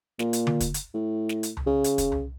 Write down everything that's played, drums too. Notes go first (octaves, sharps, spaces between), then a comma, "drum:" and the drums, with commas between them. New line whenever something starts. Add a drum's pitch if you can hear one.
A#2, drum: snare
drum: hi-hat
drum: tom D3
drum: kick, hi-hat
drum: hi-hat
A2
drum: snare
drum: hi-hat
drum: tom C2
C#3
drum: hi-hat
drum: kick, hi-hat
drum: tom C2